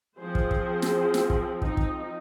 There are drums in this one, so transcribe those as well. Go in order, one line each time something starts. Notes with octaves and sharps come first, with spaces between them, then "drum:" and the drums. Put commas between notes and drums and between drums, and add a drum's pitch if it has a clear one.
F3 C4 G#4 C5
drum: kick
drum: kick
drum: snare
drum: snare
drum: kick
D#4, drum: kick
drum: kick